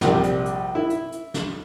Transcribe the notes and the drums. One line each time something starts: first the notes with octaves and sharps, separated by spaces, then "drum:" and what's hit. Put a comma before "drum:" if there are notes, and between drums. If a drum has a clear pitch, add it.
A#1 C3 G3, drum: snare
drum: hi-hat
drum: hi-hat
E4
drum: hi-hat
drum: hi-hat
drum: snare